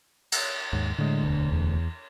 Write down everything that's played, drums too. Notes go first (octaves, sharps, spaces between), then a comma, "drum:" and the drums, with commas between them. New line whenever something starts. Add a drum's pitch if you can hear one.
drum: cymbal
D#2 G#2
A2 D3 G#3
E1 D2
E2